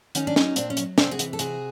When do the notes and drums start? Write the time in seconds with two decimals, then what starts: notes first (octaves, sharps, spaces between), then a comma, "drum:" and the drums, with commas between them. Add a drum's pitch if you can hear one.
0.15 D#3 C#4 D#4, drum: hi-hat
0.27 D4
0.36 F#3 C#4 D#4, drum: snare
0.56 A#2 C4 D4, drum: hi-hat
0.70 C#4
0.77 F#3, drum: hi-hat
0.98 C3 C4 D4, drum: snare
1.11 F#4 G#4
1.19 E3, drum: hi-hat
1.33 A4
1.39 C3 F#4 G#4, drum: hi-hat